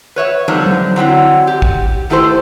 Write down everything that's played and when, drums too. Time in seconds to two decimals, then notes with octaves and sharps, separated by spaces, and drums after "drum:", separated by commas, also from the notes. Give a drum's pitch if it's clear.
0.16 B4 C#5 E5
0.48 D3 F3 G3 C4 D4 D#4
0.66 drum: tom F#3
0.96 D3 F#3 C4 E4
1.47 G4
1.62 drum: kick
2.10 D#3 A3 E4 G4 A4 C5